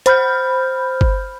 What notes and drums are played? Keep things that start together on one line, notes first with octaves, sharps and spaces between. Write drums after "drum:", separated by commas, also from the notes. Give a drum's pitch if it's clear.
C5 B5 F6 G6, drum: hi-hat
drum: kick G1